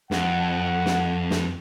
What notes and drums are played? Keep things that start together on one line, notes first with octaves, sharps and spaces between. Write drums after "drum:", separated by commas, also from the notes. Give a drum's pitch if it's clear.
F2 F#5, drum: snare
drum: snare
drum: snare